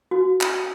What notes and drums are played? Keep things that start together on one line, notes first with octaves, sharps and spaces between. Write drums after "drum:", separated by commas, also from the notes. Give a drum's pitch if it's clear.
F#4
drum: clap